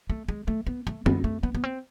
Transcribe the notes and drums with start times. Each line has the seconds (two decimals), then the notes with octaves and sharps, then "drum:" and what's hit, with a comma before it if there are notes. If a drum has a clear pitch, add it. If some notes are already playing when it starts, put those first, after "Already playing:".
0.10 A3
0.28 G#3
0.48 A3
0.67 B3
0.87 A3
1.06 B3, drum: tom
1.24 A3
1.43 B3
1.55 B3
1.64 C4